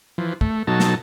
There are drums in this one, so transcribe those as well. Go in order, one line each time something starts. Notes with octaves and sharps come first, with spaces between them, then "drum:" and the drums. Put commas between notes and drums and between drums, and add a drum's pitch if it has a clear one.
E3 F3
A3, drum: kick
B2 F#3 D#4 A4 A5
drum: snare